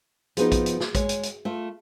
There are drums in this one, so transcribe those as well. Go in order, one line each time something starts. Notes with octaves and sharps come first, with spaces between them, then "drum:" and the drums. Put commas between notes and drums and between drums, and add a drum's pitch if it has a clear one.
F3 B3 D#4 F#4 G#4, drum: hi-hat
drum: kick, hi-hat
drum: hi-hat
drum: snare
G#3 C#5, drum: kick, hi-hat
drum: hi-hat
drum: hi-hat
A3 F4